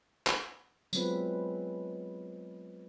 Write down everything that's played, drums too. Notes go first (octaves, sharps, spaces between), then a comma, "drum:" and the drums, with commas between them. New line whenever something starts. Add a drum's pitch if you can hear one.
drum: clap
F#3 G#3 B3 C4 F4 B4, drum: tambourine